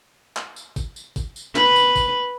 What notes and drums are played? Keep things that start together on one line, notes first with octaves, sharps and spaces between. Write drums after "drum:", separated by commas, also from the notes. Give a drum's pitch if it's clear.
drum: clap
drum: tambourine
drum: kick, tambourine
drum: tambourine
drum: kick, tambourine
drum: tambourine
B4, drum: clap
drum: tambourine
drum: kick, tambourine